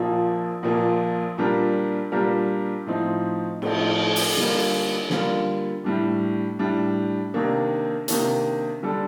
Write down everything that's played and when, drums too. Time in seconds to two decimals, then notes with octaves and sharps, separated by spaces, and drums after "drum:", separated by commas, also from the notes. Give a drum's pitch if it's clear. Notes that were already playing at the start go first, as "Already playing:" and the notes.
Already playing: A#1 A#2 F3 A#3
0.63 A#1 A#2 F3 A#3
1.38 A#2 G3 D4 G4 A#4
2.12 A#2 G3 D4 G4 A#4
2.86 A2 F3 C4 D#4
3.62 A2 F3 C4 D#4, drum: cymbal
4.16 drum: open hi-hat
4.36 D3 G3 A#3 F4
5.10 D3 G3 A#3 F4, drum: snare
5.84 A2 G3 D4
6.59 A2 G3 D4
7.34 C3 D#3 A#3 D4
8.08 C3 D#3 A#3 D4, drum: hi-hat
8.82 D3 G3 D4 A4